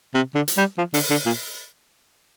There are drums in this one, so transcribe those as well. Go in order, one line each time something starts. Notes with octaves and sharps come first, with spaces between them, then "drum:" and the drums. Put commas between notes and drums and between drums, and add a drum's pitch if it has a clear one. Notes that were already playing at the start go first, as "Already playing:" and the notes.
C3
D3
drum: hi-hat
G3
F3
D3, drum: open hi-hat
D3
A#2